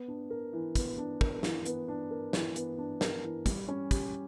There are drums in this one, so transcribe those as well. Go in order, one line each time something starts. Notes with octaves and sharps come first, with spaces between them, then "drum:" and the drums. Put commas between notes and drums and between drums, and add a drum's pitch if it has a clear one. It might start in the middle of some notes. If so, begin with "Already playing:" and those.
Already playing: B3
D4
A#4
E3
B3, drum: kick, hi-hat
D4
A#4, drum: kick
E3, drum: snare
B3, drum: hi-hat
D4
A#4
E3, drum: snare
B3, drum: hi-hat
D4
A#4, drum: snare
E3
G3, drum: kick, hi-hat
C#4
G4, drum: kick, hi-hat